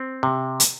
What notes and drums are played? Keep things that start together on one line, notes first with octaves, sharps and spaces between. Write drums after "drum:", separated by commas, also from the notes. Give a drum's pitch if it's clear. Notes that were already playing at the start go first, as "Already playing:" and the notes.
Already playing: C4
C3
drum: hi-hat